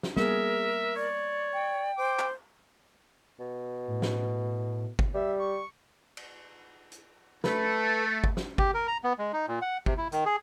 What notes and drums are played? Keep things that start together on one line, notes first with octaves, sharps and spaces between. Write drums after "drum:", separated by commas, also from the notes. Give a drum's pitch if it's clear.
drum: snare
G3 A#3 B3 G#4 A#4 E5, drum: snare
C#5 D5
G5
C5 D6
drum: clap
B2
A2
drum: snare
drum: kick G1
G3 E5
C#6
drum: cymbal
drum: hi-hat
A3 A4 B4, drum: snare
drum: kick G1
drum: snare
G4, drum: kick G1
A#4
A#5
B3
G#3
D#4
A#2
F#5
C3, drum: kick G1
E4
D#3, drum: hi-hat
G#4